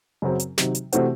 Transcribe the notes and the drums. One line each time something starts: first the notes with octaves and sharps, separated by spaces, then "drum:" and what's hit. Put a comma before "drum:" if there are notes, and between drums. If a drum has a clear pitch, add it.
F#2 C#3 F#3 C4
drum: hi-hat
C3 D#3 F#3, drum: snare
drum: hi-hat
C3 E3 A3 C4 F#4, drum: hi-hat